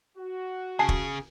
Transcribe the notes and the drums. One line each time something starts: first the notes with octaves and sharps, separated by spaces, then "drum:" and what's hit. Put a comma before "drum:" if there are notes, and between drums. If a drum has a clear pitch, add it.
F#4
C#3 G#4 G#5 A5 C7
drum: kick